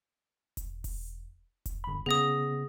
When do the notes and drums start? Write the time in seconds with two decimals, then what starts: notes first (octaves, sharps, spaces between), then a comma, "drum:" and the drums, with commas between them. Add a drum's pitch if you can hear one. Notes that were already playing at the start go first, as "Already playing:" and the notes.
0.57 drum: kick E1, hi-hat
0.84 drum: kick E1, open hi-hat
1.66 drum: kick E1, hi-hat
1.84 G1 B5
2.06 C#3 B3 G#4 D#6 A#6